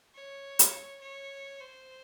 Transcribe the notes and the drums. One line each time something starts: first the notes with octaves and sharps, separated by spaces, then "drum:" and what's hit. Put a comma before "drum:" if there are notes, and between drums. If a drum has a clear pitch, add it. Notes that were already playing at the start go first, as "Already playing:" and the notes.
C#5
drum: hi-hat
C#5
C5